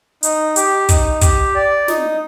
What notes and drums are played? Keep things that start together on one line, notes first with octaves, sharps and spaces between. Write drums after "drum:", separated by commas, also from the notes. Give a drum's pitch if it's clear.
D#4, drum: hi-hat
G4, drum: hi-hat
D#4, drum: kick, hi-hat
G4, drum: kick, hi-hat
D5
D#4, drum: snare